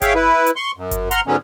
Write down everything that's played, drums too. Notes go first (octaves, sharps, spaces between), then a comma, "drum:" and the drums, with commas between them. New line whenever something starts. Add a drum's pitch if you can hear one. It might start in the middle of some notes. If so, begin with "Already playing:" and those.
G#4 C#5 E5 F5 G5, drum: kick G1, hi-hat
E4 B4
drum: hi-hat
C6 C#6
F#2
drum: kick G1, hi-hat
F#5 A#5 C6 F6, drum: hi-hat
G#2 D3 F#3 B3 C#4